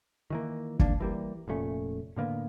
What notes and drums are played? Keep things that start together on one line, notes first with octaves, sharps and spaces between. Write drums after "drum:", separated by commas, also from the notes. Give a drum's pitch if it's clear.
D#3 E3 A#3
A#3 D4, drum: kick
E3 G3 A#3
F1 A#2 A3 C#4
A2 D3 A#3 B3